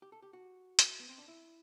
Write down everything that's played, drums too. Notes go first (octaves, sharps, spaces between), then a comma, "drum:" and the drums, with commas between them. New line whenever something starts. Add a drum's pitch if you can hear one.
G4
A4
G4
F#4
drum: hi-hat
B3
C4
D4
E4